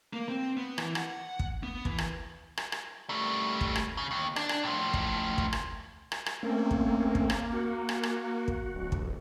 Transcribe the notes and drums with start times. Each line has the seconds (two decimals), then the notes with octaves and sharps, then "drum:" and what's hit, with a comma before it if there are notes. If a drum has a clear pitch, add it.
0.13 A#3
0.29 C4
0.57 B3
0.78 E3, drum: rim click
0.95 F#5, drum: rim click
1.39 drum: kick
1.63 B3
1.85 E3, drum: kick
1.98 drum: rim click
2.57 drum: rim click
2.72 drum: rim click
3.09 G3 A3
3.61 drum: kick
3.76 drum: rim click
3.97 C#3
4.11 D#2
4.36 D4, drum: rim click
4.49 drum: rim click
4.64 A2 F3
4.94 drum: kick
5.38 drum: kick
5.53 drum: rim click
6.12 drum: rim click
6.26 drum: rim click
6.43 A3 A#3 C4 C#4
6.71 drum: kick
7.15 drum: kick
7.30 drum: rim click
7.53 F#4
7.89 drum: rim click
8.03 drum: rim click
8.48 drum: kick
8.74 D1
8.92 drum: kick